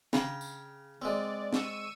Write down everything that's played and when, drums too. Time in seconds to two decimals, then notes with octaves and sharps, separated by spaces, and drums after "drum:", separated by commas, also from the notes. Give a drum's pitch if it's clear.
0.13 C#3 G5 A#5, drum: snare
0.41 drum: tambourine
1.02 G#3 C4 D5
1.53 C#6 E6 D#7, drum: snare